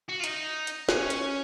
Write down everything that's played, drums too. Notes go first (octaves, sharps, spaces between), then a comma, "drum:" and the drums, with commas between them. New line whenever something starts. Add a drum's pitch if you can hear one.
F#4
F4
D#4, drum: hi-hat
drum: hi-hat
C#4, drum: snare
drum: hi-hat